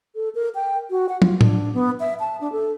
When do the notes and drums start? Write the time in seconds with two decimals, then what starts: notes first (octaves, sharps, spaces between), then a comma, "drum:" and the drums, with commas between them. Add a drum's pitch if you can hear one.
0.15 A4
0.35 A#4
0.55 G5
0.90 F#4
1.09 F#5
1.22 F4, drum: tom
1.41 D4, drum: tom A2
1.74 B3
2.00 E5
2.20 A5
2.41 D4
2.52 A4